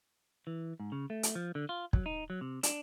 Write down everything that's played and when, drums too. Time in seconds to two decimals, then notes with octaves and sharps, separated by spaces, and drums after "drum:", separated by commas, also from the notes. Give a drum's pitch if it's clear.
0.47 E3
0.80 G#2
0.92 C#3
1.10 A3
1.23 drum: hi-hat
1.35 F3
1.55 D3
1.69 F4
1.93 F#3, drum: kick
2.06 D#4
2.30 F#3
2.41 C3
2.63 D4, drum: hi-hat